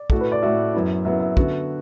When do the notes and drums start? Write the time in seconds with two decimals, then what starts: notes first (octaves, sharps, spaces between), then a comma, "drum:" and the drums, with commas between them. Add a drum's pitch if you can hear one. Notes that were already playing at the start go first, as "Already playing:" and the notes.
Already playing: D5
0.10 A2 A3 F#4 A4, drum: kick
0.21 B4
0.32 D5
0.43 A2 A3 F#4 E5
0.74 F#2 F#3 B3 E4
1.05 F#2 F#3 B3 E4 E5
1.20 E5
1.37 D3 B3 F#4 E5, drum: kick